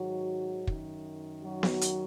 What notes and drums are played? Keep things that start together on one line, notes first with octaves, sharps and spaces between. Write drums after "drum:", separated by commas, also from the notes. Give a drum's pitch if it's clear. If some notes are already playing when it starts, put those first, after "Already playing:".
Already playing: G#2 D#3 F#3 F#4
F#2 D#3, drum: kick
F#3 F#4
drum: snare B3
drum: hi-hat